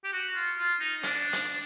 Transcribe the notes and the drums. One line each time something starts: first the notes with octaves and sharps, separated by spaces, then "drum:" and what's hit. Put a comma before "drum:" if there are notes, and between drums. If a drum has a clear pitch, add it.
G4
F#4
F4
F4
D#4
D4, drum: hi-hat
drum: hi-hat